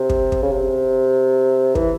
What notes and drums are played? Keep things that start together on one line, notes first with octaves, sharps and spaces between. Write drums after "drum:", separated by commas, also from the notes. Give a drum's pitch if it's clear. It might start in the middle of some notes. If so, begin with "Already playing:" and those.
Already playing: C3
drum: kick
drum: kick
C#3
C3
E3, drum: kick